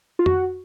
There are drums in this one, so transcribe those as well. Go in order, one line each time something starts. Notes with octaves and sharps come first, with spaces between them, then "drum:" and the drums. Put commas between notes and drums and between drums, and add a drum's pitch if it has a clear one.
F4
F#4, drum: tom F2